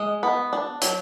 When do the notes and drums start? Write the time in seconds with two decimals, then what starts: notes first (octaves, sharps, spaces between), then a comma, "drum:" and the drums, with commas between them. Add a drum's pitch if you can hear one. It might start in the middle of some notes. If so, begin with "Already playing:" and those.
Already playing: G#3 D#5
0.23 B3
0.53 D4
0.82 F#3, drum: hi-hat